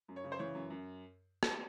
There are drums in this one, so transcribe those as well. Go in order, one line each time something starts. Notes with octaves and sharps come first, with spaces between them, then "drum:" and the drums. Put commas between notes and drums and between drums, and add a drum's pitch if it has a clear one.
F#2
C#5
C#3
C5
E3 C#5
F#2
F#2
drum: rim click